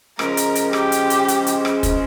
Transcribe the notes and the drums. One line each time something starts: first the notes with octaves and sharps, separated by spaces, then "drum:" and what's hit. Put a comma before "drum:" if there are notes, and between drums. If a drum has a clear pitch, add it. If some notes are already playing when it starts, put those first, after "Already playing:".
C#3 F3 G#3 A#4, drum: rim click
drum: hi-hat
drum: hi-hat
G4, drum: rim click
drum: hi-hat
drum: hi-hat
drum: hi-hat
drum: hi-hat
drum: rim click
drum: kick, hi-hat